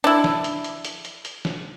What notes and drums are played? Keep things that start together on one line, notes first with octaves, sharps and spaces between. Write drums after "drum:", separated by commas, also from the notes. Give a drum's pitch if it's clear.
D4 E4
drum: snare
drum: hi-hat
drum: hi-hat
drum: hi-hat
drum: hi-hat
drum: hi-hat
drum: snare